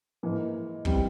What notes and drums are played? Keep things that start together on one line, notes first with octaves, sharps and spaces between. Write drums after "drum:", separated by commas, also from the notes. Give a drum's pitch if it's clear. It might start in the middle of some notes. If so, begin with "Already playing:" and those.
G#2 E3 A#3
E3 G3 C4 G4, drum: kick